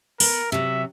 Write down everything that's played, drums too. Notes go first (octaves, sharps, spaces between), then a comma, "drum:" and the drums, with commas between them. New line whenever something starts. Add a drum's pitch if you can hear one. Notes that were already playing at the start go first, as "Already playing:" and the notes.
B3 A#4, drum: open hi-hat
C3 F#3 E5